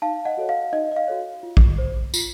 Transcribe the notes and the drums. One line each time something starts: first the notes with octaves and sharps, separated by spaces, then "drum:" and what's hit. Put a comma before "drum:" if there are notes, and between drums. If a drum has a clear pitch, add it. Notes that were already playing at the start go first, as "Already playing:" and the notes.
D#4 F5 A5
D#5 F#5
F#4 A4 C#5
F5
D#4 D#5
D#5
F5
F#4 A4 C#5
F4
drum: kick
C5
F4, drum: tambourine